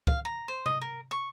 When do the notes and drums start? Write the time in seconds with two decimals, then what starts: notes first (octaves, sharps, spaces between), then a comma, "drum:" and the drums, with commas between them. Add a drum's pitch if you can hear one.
0.07 F5, drum: kick
0.25 A#5
0.48 C5
0.66 D#5, drum: tom C3
0.81 A#4
1.11 C#6